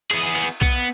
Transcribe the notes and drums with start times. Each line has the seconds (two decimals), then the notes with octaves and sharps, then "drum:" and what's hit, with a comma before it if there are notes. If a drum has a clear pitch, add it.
0.11 B3 G#4, drum: cymbal
0.35 drum: cymbal
0.62 B3, drum: kick B1, cymbal